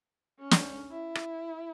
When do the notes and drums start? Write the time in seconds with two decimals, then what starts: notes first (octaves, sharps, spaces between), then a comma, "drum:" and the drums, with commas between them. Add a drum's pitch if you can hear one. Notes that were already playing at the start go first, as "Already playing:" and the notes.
0.39 C#4
0.51 drum: snare
0.91 E4
1.15 drum: rim click